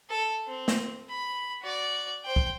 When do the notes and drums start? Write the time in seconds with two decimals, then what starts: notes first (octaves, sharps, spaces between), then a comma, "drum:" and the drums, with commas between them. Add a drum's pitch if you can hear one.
0.10 A4
0.47 C4
0.68 drum: snare
1.10 B5
1.62 F#4 D5
2.25 C5 G5
2.36 drum: kick